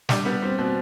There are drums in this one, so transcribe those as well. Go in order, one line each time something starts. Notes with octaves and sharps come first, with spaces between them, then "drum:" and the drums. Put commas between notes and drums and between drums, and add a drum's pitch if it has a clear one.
G3 D4, drum: snare
G3 B3
G3 C4
B2 C4